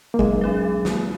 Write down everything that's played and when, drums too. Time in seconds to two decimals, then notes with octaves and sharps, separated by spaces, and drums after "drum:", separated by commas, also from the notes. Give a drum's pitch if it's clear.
0.14 A#3
0.19 F#3 G#3, drum: kick G1
0.41 C#4 G#4 B4
0.63 F#3
0.85 A#3 F4, drum: snare